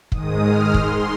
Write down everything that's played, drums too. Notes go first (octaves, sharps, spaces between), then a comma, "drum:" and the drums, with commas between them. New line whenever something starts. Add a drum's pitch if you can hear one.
G#2 D#3 G#3 D#6, drum: kick
F6
G#2 G#3 C6, drum: kick